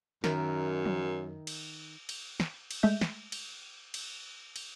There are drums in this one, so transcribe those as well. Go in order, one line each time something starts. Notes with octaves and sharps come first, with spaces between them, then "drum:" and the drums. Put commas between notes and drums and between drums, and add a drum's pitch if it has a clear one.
F#2 D#3 A#4 E5, drum: snare
drum: tom
drum: cymbal
drum: cymbal
drum: snare
drum: cymbal
G#3 A3 E5 G6
drum: snare
drum: cymbal
drum: cymbal
drum: cymbal